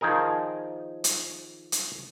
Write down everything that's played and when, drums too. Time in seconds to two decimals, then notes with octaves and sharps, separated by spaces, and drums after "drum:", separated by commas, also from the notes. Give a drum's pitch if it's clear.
0.01 D#3 F3 D#4 G#4 A#4
1.04 drum: hi-hat
1.72 drum: hi-hat